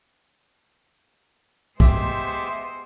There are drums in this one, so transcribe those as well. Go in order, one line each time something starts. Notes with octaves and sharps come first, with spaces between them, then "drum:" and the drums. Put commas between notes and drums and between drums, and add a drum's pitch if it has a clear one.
G#3 B3 G4 C5 E5, drum: kick